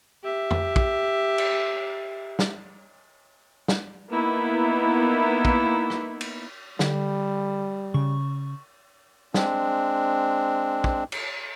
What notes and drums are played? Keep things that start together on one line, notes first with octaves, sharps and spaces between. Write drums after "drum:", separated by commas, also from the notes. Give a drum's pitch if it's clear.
G4 E5
drum: tom
drum: kick
drum: cymbal
drum: snare
drum: snare
A#3 B3 D#4 E4
drum: kick
drum: rim click
drum: cymbal
D3 G3, drum: snare
C#3 C#6
G#3 C4 D4, drum: snare
drum: kick
drum: cymbal